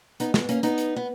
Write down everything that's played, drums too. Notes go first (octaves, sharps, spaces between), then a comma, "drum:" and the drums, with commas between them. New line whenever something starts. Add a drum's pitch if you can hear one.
B3 D#4, drum: hi-hat
G#3 B3, drum: snare
A#3 C#4, drum: hi-hat
B3 D#4, drum: hi-hat
drum: hi-hat
B3